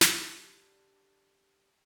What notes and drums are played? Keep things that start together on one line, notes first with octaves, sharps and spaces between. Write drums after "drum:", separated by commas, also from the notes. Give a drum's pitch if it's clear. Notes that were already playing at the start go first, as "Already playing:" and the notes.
D3 G3, drum: snare